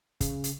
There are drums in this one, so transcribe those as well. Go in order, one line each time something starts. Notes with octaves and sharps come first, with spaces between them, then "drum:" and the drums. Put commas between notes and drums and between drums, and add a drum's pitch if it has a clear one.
C#3, drum: kick, hi-hat
drum: hi-hat